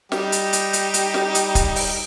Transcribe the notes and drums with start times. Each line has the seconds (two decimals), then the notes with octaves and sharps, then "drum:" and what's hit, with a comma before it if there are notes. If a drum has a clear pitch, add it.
0.12 G3 D#4 G4, drum: snare
0.32 drum: hi-hat
0.53 drum: hi-hat
0.73 drum: hi-hat
0.94 drum: hi-hat
1.14 drum: snare
1.35 drum: hi-hat
1.55 drum: kick, hi-hat
1.76 drum: open hi-hat